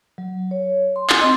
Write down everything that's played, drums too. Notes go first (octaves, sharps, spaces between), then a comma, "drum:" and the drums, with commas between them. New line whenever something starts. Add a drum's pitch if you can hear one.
F#3
C#5
C6
drum: clap
C4 D#5 C6